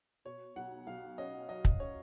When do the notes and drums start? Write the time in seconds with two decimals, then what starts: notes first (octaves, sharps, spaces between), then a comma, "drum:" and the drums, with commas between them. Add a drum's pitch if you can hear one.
0.25 B2 C#5
0.56 B1 F#5
0.87 B1 F5
1.18 C#4 D#5
1.49 F#3 D#5
1.65 drum: kick
1.80 C#4 C#5